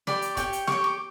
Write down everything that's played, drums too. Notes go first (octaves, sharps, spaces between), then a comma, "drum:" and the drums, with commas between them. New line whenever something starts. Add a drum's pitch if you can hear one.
G4 D5 B5, drum: snare
drum: hi-hat
G4 C#5 G5, drum: kick, hi-hat
drum: hi-hat
G4 C#5 C#6, drum: snare
D6